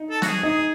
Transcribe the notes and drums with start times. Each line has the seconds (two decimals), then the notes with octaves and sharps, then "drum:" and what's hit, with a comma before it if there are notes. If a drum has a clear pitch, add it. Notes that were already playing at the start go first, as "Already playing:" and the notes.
Already playing: D#4
0.10 A4
0.22 F#4, drum: snare
0.26 G#4
0.43 D#4 G#4